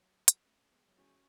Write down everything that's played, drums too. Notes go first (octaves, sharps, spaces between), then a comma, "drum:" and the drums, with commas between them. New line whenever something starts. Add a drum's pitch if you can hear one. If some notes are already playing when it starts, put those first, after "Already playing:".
Already playing: F#3 A3
drum: hi-hat
A3 C#4
G#3 B3
F#3
E3 G#3 C#4 F#4 C#5 G#5